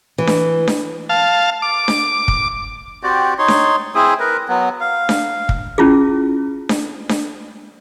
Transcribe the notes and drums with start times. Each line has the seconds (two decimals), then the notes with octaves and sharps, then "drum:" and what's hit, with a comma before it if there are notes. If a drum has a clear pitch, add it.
0.18 E3
0.27 drum: snare D4
0.68 drum: snare D4
1.09 F5 A5
1.62 D6
1.88 drum: snare D4
2.28 drum: kick
3.03 C4 F#4 G4 D5
3.38 D#4 C#5 C6
3.48 drum: snare D4
3.95 C4 E4 G#4 D#6
4.20 A#4 B4
4.49 F#3 B3
4.80 F5
5.09 drum: snare D4
5.49 drum: kick
5.78 C#4 E4 F4 G#4
6.69 drum: snare D4
7.09 drum: snare D4